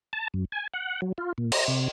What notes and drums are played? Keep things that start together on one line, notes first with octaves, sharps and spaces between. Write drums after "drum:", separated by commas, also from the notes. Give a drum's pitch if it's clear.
A5
F#2
G#5
F#5
F#3
F4
A#2
A#5, drum: cymbal
C3